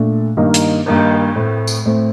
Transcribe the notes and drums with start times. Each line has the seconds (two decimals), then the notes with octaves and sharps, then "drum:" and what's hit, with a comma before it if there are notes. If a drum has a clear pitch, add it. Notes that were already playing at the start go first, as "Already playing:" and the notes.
Already playing: A#2 A3 D4
0.37 G2 D#3 A#3 D#4 A#4
0.54 drum: hi-hat
0.86 G2 D#3 A#3 D#4 A#4, drum: cymbal
1.36 A2 A3 C4
1.67 drum: tambourine
1.86 A2 A3 C4